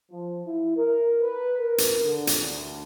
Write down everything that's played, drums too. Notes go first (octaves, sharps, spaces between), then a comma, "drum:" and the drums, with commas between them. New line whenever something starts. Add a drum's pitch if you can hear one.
F3
E4
A#4
B4
A#4
drum: hi-hat
D3
drum: hi-hat
D2